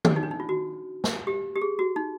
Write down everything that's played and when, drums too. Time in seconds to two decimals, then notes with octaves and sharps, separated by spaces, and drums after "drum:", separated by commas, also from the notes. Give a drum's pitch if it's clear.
0.05 drum: tom D#3
0.16 D#4
0.23 D4
0.31 D#4
0.40 F4
0.49 F#4
1.04 drum: snare
1.27 G4
1.56 G4
1.62 G#4
1.79 F#4
1.96 D#4